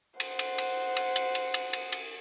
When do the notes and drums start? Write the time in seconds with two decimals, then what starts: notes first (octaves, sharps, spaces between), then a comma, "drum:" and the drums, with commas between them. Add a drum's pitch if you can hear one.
0.20 C5 F#5, drum: cymbal
0.39 drum: cymbal
0.58 drum: cymbal
0.97 drum: cymbal
1.16 drum: cymbal
1.35 drum: cymbal
1.54 drum: cymbal
1.73 drum: cymbal
1.92 drum: cymbal